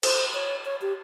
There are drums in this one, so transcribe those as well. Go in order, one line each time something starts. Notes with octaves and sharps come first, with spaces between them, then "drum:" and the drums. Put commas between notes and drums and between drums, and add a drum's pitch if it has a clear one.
C5, drum: cymbal
C#5
C#5
G4